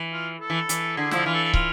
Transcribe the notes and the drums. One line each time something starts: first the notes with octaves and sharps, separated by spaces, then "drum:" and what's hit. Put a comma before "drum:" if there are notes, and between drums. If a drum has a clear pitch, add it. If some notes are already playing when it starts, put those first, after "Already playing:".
Already playing: E3
F4
A4
E3
E3, drum: hi-hat
D3 G#4
F3 E4, drum: snare
E3 F4
A4
A4
F4, drum: kick